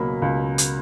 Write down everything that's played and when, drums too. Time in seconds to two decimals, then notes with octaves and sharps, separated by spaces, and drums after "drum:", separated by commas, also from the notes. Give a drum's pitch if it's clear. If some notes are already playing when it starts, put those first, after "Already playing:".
Already playing: C#2 B2 F#3 A#3 B5
0.22 C#2
0.58 drum: hi-hat